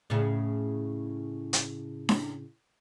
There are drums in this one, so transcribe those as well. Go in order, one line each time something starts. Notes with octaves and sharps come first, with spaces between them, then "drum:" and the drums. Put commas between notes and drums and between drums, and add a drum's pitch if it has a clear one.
A2 C#3
drum: hi-hat
drum: snare D4